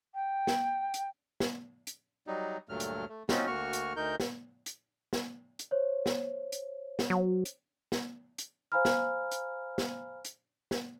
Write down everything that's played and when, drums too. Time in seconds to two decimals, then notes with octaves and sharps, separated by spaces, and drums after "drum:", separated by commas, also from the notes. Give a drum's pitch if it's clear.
0.14 G5
0.47 drum: snare
0.94 drum: hi-hat
1.40 drum: snare
1.87 drum: hi-hat
2.27 F#3 G3 D#4
2.69 D2 G2 A#2 F#3 A3 F6
2.80 drum: hi-hat
3.09 A3
3.29 C4 C#4 D#4 F4 F#4, drum: snare
3.47 D2 A#3 F#4 C#6 F6
3.73 drum: hi-hat
3.96 D2 D#4 A#4 G6
4.20 drum: snare
4.66 drum: hi-hat
5.13 drum: snare
5.59 drum: hi-hat
5.71 C5 C#5
6.06 drum: snare
6.52 drum: hi-hat
6.99 drum: snare
7.10 F#3
7.45 drum: hi-hat
7.92 drum: snare
8.38 drum: hi-hat
8.72 C5 F5 G#5 A#5 B5 F6
8.85 drum: snare
9.31 drum: hi-hat
9.78 drum: snare
10.25 drum: hi-hat
10.71 drum: snare